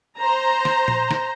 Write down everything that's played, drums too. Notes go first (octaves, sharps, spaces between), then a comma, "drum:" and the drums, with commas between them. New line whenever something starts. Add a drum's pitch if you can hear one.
C5 A#5
drum: snare
drum: tom A#2
drum: snare